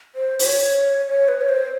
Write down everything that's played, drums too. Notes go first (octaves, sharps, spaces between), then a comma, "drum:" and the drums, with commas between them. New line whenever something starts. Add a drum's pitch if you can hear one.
C5
C5, drum: open hi-hat
C#5
C#5
B4
C#5
C5